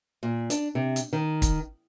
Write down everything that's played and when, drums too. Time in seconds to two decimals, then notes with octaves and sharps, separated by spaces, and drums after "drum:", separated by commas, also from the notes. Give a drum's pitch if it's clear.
0.23 A#2
0.50 D4, drum: hi-hat
0.75 C3
0.96 drum: hi-hat
1.13 D#3
1.42 drum: kick, hi-hat